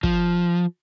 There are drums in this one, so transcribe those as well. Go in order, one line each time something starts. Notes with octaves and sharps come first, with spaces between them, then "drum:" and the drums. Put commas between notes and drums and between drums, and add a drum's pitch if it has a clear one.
F3, drum: kick